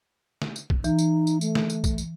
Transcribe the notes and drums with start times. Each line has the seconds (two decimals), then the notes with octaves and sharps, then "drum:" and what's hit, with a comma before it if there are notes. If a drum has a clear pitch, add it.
0.42 drum: snare
0.56 drum: tambourine
0.70 drum: kick
0.84 E3 D#4, drum: tambourine
0.98 drum: tambourine
1.27 drum: tambourine
1.41 A3, drum: tambourine
1.55 drum: snare
1.70 drum: tambourine
1.84 drum: kick, tambourine
1.98 drum: tambourine